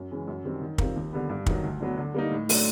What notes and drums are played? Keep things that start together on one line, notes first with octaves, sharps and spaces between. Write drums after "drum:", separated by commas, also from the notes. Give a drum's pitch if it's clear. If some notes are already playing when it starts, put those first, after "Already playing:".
Already playing: F#2
C#3 E3 G#3 C#4
F#2
D#3 G3 C4
D#3
G3 C4 F4 A#4, drum: kick
D#2
D3 G3 B3
G2
D#3 F#3, drum: kick
D2
D3 F#3 B3
D3
G3 A#3 D#4
A2
F#3 A3 D4, drum: open hi-hat